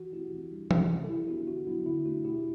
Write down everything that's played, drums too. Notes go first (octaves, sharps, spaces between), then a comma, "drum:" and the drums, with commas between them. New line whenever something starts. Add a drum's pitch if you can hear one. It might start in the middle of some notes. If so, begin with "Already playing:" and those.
Already playing: E3 F#4
A3 C4 E4 G4
E3
G3 D4
C3, drum: tom E3
E3 G3
A4
E3 E4 G4
B3 D4 F#4
D3 F#4
F#3 B3 D4 E4
D3 E4
A3 D4 F#4
B2 E4 G4